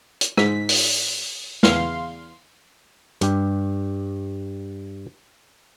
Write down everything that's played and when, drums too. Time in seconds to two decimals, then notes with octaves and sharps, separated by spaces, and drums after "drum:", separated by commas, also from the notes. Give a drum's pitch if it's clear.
0.21 drum: hi-hat
0.37 G#2 B6, drum: rim click
0.69 drum: open hi-hat
1.63 E2 F5 C6, drum: snare
3.21 G2 G4, drum: hi-hat